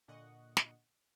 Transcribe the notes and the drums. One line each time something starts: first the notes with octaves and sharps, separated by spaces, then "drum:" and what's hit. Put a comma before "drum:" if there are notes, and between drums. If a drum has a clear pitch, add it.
A#2 D3 D#5 F#5 C#6
drum: snare